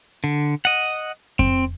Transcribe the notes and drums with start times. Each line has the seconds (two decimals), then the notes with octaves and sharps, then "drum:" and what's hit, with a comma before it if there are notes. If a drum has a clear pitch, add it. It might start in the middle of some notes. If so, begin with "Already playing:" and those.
0.24 D3
0.65 D#5 F#5
1.39 C4, drum: kick F2